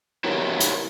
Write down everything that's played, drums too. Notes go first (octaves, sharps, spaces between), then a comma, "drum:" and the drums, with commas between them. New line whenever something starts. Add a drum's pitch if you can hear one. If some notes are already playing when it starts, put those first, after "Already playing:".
E4 F#4 G4 A#4 B4 C#5
drum: hi-hat